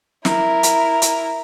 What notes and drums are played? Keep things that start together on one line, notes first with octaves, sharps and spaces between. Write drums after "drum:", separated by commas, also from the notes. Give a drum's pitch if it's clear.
E4 A#4, drum: snare
drum: hi-hat
drum: hi-hat